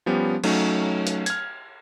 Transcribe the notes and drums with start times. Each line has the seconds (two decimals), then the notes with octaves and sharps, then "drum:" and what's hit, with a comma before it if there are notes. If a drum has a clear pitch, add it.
0.06 F3 G3 B3 C#4 G4
0.44 F#3 A3 C#4 D#4, drum: cymbal
1.07 drum: hi-hat
1.26 F6 G#6, drum: hi-hat